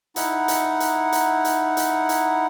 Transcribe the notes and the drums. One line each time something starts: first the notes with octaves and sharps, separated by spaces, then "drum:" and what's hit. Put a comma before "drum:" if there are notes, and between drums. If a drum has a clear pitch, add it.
D#4 E4 F#5, drum: hi-hat
drum: hi-hat
drum: hi-hat
drum: hi-hat
drum: hi-hat
drum: hi-hat
drum: hi-hat